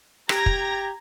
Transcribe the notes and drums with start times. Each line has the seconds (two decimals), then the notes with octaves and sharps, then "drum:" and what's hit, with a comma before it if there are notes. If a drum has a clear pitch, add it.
0.29 G4 A#5 G#6 A#6, drum: rim click
0.46 drum: kick